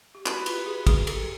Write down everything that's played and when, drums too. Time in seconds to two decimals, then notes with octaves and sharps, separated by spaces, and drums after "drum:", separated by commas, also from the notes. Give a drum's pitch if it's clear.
0.15 G4
0.26 E4 F#4 B4, drum: clap
0.41 F#4
0.46 F4 G4, drum: cymbal
0.66 F#4 G#4
0.87 F#4 G#4, drum: kick, cymbal
1.07 G4 A4, drum: cymbal